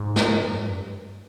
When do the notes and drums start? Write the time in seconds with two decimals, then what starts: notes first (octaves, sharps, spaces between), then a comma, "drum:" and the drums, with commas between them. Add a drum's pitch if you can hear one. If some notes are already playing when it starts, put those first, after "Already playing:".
Already playing: G#2
0.16 drum: snare
0.52 F#2
0.64 G2